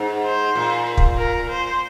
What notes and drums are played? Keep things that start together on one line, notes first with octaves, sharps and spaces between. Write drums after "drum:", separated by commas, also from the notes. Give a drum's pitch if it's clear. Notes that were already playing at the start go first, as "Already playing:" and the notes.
Already playing: G#2
C5
A#2
drum: kick
A#4
C5